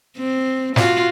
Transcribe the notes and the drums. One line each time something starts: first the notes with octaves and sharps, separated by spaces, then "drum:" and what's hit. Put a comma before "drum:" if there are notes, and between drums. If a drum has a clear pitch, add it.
C4
F4 F#4, drum: snare